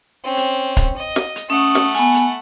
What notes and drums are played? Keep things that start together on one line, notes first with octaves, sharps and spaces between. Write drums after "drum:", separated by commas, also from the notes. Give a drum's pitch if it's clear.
C4 C#4
drum: hi-hat
drum: kick, hi-hat
D#5
drum: snare
drum: hi-hat
A3 C#4 F#5 D#6
drum: snare
B3 G#5, drum: hi-hat
drum: hi-hat